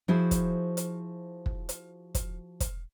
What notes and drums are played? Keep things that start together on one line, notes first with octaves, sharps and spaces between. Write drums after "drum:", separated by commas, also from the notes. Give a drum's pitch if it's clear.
F3 E4 F#4 G#4 C5
drum: kick, hi-hat
drum: hi-hat
drum: kick
drum: hi-hat
drum: kick, hi-hat
drum: kick, hi-hat